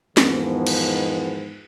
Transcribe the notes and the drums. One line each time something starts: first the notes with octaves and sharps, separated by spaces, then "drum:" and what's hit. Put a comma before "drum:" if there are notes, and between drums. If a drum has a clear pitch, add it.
E2 G#2 D#3 F3 B3, drum: snare
drum: cymbal